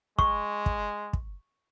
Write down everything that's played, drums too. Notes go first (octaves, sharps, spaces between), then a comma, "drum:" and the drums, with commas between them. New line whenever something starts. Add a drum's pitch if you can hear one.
G#3 C#6, drum: kick
drum: kick
drum: kick